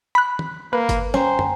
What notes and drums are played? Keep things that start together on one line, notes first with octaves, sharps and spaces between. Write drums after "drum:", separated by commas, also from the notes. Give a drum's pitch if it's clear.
B5 F#6
drum: tom
A#3 B4
drum: kick, hi-hat
C#4 C5 G5 G#5 A#5, drum: snare
drum: tom